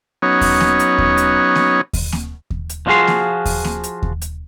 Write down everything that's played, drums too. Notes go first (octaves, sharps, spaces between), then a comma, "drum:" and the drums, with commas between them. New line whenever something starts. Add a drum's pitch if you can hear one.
F#3 B3 C#4 D#4 C#5
drum: kick D#2, open hi-hat
drum: snare A#3
drum: hi-hat
drum: kick D#2
drum: hi-hat
drum: snare A#3
drum: kick D#2, open hi-hat
drum: snare A#3
drum: kick D#2
drum: hi-hat
F3 D4 F4 F#4 G#4 C6
drum: snare A#3
drum: kick D#2, open hi-hat
drum: snare A#3
drum: hi-hat
drum: kick D#2
drum: hi-hat